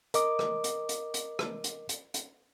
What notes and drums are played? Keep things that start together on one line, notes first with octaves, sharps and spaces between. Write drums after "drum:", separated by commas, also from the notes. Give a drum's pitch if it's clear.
A#4 D#5 D6, drum: hi-hat
drum: rim click
drum: hi-hat
drum: hi-hat
drum: hi-hat
drum: rim click
drum: hi-hat
drum: hi-hat
drum: hi-hat